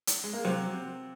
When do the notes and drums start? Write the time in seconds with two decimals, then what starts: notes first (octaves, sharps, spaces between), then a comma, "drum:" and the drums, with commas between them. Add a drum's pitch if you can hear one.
0.07 drum: hi-hat
0.24 G#3
0.33 A#3
0.44 C3 F#3 C4